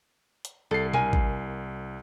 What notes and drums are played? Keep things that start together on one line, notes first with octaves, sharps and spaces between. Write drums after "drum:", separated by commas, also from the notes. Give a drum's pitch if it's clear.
drum: hi-hat
C2 A4 C7
A#4 G#5, drum: tom B2
drum: kick A1